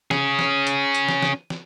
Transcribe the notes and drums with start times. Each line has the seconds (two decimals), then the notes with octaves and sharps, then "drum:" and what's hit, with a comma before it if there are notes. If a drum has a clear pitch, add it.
0.11 C#4 G#4, drum: snare
0.39 drum: snare
0.67 drum: hi-hat
0.95 drum: hi-hat
1.09 drum: snare
1.22 drum: snare
1.50 drum: snare